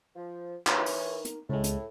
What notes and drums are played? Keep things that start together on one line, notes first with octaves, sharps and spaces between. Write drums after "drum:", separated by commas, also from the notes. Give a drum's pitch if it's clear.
F3
E3 D#4 A#4 C#5, drum: clap
drum: open hi-hat
drum: hi-hat
C#2 A2 G#3
drum: hi-hat